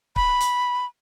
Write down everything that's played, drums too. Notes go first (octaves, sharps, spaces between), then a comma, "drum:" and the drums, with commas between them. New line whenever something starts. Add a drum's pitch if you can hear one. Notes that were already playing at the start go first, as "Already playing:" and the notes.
B5, drum: kick C#1
drum: hi-hat